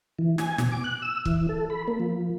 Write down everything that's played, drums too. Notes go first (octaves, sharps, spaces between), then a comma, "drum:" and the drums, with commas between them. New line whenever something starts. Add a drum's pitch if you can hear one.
E3
G#5, drum: snare
B2, drum: snare
D6
F#6
E6
E3, drum: kick
A4
B5
A#3
F3